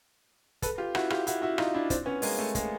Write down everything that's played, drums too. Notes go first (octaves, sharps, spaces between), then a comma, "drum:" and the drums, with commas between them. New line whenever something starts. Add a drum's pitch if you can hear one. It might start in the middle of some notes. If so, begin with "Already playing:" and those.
A4 B4, drum: kick, hi-hat
F4 G4
E4 F#4, drum: rim click
F4 G4, drum: rim click
E4 F#4, drum: hi-hat
E4 F#4
D#4 F4, drum: rim click
D4 E4
C4 D4, drum: kick, hi-hat
B3 C#4
G#3 A#3, drum: open hi-hat
A3
G#3 A#3, drum: kick, hi-hat